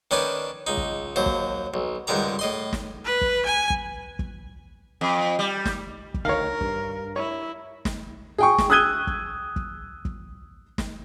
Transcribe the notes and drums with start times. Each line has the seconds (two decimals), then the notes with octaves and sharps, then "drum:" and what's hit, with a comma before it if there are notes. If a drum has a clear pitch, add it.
0.11 D#3 C#4 D4 B4 G#5
0.67 C#2 D#4
0.77 drum: kick
1.16 D#2 F#3 C5
1.26 drum: kick
1.74 B1
2.07 C#2 G2 D3 D#3 A#5
2.39 A2 D#5 C6
2.73 drum: snare
3.05 B4
3.21 drum: kick
3.46 G#5
3.70 drum: kick
4.19 drum: kick
5.01 F2
5.39 G3
5.66 drum: snare
6.14 drum: kick
6.25 D2 D#3 A#4 C#5 F5
6.61 G2, drum: kick
7.16 E4 C#5
7.85 drum: snare
8.38 G#4 G5 C#6
8.58 drum: snare
8.70 D#6 E6 F#6 G#6 D#7 G7
9.07 drum: kick
9.56 drum: kick
10.05 drum: kick
10.78 drum: snare